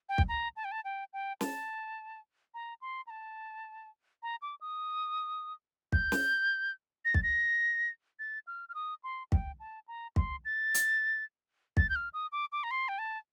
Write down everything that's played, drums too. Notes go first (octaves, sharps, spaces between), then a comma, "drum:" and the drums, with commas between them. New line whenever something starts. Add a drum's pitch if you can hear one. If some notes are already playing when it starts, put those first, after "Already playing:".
G5
drum: kick
A#5
A5
G5
A5
G5
G5
A5, drum: snare
A#5
C6
A#5
A5
A#5
D6
D#6
G6, drum: kick
drum: snare
A#6
A6, drum: kick
A#6
A6
F6
F6
D#6
C6
G5, drum: kick
A5
A#5
C6, drum: kick
A6
drum: hi-hat
A6, drum: kick
G6
F6
D#6
D6
D6
A#5
C6
G5
A5